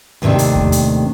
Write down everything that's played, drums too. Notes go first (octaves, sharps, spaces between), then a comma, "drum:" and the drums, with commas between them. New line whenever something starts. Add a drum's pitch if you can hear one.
D#2 A2 C3 D#3 D4
drum: hi-hat
drum: kick E2
drum: hi-hat